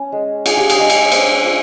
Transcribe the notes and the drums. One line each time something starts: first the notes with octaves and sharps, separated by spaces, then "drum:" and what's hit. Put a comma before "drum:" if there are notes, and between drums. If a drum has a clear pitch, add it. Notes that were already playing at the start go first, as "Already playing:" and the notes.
Already playing: C#4
G#3
F4 G#4, drum: cymbal
G4
G#4, drum: cymbal
G#3
drum: cymbal
C#4 C5, drum: cymbal
F4